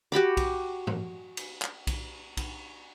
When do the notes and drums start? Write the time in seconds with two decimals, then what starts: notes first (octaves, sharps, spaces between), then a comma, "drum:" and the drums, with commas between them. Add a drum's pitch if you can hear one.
0.12 F#4 G4 B5 D6
0.37 drum: kick B1, cymbal
0.87 drum: tom
1.37 drum: cymbal
1.62 drum: clap
1.87 drum: kick B1, cymbal
2.37 drum: kick B1, cymbal